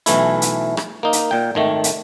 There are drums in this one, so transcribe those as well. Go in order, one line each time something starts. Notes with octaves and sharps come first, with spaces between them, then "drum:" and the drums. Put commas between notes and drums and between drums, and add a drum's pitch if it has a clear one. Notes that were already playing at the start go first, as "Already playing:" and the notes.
B1 E3 A3 E4, drum: hi-hat
drum: hi-hat
drum: rim click
A#3 D#4
drum: hi-hat
A#2 G5
G#1 D#3 A3
drum: hi-hat